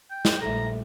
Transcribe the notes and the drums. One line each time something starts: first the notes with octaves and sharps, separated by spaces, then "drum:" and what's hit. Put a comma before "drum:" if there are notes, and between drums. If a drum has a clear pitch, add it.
G5
drum: snare
A#1 A#2 G3 A3 A4 E5 A#5